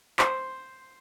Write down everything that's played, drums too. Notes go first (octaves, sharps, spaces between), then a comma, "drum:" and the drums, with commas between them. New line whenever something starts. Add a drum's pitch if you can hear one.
C5, drum: clap